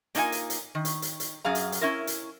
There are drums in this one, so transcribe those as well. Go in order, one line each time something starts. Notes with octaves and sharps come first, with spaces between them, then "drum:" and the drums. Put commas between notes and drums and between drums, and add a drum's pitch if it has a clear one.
A#3 D4 D#4 F4 G#5, drum: hi-hat
drum: hi-hat
drum: hi-hat
D#3
drum: hi-hat
drum: hi-hat
drum: hi-hat
F#2 G#4 F5 A#5
drum: hi-hat
drum: hi-hat
C#4 E4 A#4
drum: hi-hat